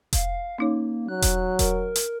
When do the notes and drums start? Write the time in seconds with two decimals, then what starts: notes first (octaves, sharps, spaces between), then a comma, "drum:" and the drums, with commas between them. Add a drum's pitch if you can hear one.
0.13 F5, drum: kick E1, hi-hat
0.58 A#3 C#4 D#4 C#5
1.08 F#3 F#6
1.22 drum: kick E1, hi-hat
1.59 A#4, drum: kick E1, hi-hat
1.96 drum: hi-hat